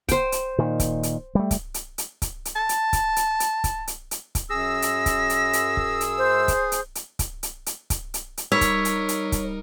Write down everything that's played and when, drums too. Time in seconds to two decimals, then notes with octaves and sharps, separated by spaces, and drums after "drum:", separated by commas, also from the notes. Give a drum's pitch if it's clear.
0.09 C5 G5, drum: kick C#1, hi-hat
0.32 drum: hi-hat
0.59 A#2 D#3
0.80 drum: kick C#1, hi-hat
1.03 drum: hi-hat
1.35 G3 A3
1.51 drum: kick C#1, hi-hat
1.74 drum: hi-hat
1.98 drum: hi-hat
2.22 drum: kick C#1, hi-hat
2.45 drum: hi-hat
2.56 A5
2.69 drum: hi-hat
2.93 drum: kick C#1, hi-hat
3.16 drum: hi-hat
3.40 drum: hi-hat
3.64 drum: kick C#1, hi-hat
3.87 drum: hi-hat
4.11 drum: hi-hat
4.35 drum: kick C#1, hi-hat
4.50 F#2 G#4 E6 A#6
4.82 drum: hi-hat
5.06 drum: kick C#1, hi-hat
5.30 drum: hi-hat
5.53 drum: hi-hat
5.77 drum: kick C#1
6.01 drum: hi-hat
6.18 C5
6.48 drum: kick C#1, hi-hat
6.72 drum: hi-hat
6.95 drum: hi-hat
7.19 drum: kick C#1, hi-hat
7.43 drum: hi-hat
7.66 drum: hi-hat
7.90 drum: kick C#1, hi-hat
8.14 drum: hi-hat
8.37 drum: hi-hat
8.52 G3 D#4 A#4 C#5 E6 G#6 B6
8.61 drum: kick C#1, hi-hat
8.85 drum: hi-hat
9.09 drum: hi-hat
9.32 drum: kick C#1, hi-hat